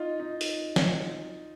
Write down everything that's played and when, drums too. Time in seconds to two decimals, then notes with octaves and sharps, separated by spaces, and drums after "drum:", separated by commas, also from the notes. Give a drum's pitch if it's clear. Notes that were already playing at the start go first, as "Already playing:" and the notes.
Already playing: D#4 F4
0.20 D#4
0.41 drum: open hi-hat
0.76 drum: snare